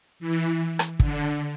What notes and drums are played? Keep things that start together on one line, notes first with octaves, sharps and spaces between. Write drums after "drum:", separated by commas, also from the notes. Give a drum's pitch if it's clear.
E3
drum: rim click
D3, drum: kick